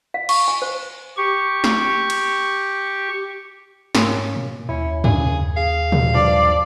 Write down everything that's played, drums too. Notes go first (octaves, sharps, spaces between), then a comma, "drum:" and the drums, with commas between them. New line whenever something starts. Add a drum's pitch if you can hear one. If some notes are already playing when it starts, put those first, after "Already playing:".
F5
C#6, drum: cymbal
G#5
C5
G4 C#6
drum: snare
drum: cymbal
G#2 A#3 C#4, drum: snare
B2
D#2 C#4 E4
C#3 G#4, drum: tom F#2
G#4 F5
drum: tom
G2 F3 D4 D5